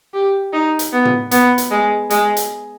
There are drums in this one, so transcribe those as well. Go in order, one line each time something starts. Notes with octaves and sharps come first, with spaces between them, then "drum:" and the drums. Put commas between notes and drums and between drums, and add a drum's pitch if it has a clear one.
G4
D#4
drum: hi-hat
B3
drum: tom
B3, drum: hi-hat
drum: hi-hat
G#3
G#3, drum: hi-hat
drum: hi-hat